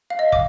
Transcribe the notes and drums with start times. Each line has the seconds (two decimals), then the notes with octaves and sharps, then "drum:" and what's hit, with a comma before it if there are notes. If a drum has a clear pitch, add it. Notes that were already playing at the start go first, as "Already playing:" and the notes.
0.10 F5
0.19 D#5
0.32 D6, drum: kick